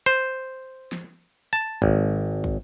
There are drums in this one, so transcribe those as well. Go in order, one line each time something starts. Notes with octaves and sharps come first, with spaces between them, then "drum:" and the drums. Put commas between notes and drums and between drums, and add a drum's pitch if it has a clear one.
C5
drum: snare
A5
G#1, drum: kick
drum: kick